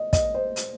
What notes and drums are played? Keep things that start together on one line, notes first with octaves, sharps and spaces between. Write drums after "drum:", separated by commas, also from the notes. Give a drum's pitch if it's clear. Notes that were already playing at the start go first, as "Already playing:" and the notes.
Already playing: D#5
D#5, drum: kick, hi-hat
C5
drum: hi-hat